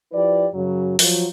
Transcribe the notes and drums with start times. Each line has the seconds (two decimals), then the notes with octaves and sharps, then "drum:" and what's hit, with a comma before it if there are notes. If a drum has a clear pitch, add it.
0.12 F3 E4 G4 B4 D5
0.54 F#2 C#3 F#3
0.99 F3 F#3 F4, drum: open hi-hat